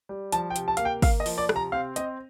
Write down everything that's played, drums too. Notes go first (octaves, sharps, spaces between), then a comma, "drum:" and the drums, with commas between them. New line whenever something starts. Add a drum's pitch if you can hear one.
G3
F3 A5, drum: hi-hat
G5
C3, drum: hi-hat
A5
A#3 F5, drum: hi-hat
G5
A#3 F5, drum: kick, open hi-hat
D#5
F3, drum: open hi-hat
D5
C3, drum: rim click
A#5
C4 F5
C4 D#5, drum: hi-hat